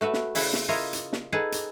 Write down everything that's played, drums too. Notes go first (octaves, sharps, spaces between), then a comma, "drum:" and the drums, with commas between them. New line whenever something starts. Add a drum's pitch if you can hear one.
A3 F#4 B4 E5
drum: snare
C#3 E4 E5 F#5, drum: open hi-hat
drum: snare
E4 F4 A#4 C#5 D#5 E5
drum: hi-hat
drum: snare
D#4 G#4 A4 B4 F#5
drum: hi-hat